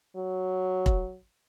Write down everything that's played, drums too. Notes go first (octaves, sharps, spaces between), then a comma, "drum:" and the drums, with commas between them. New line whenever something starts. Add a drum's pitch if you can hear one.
F#3
drum: kick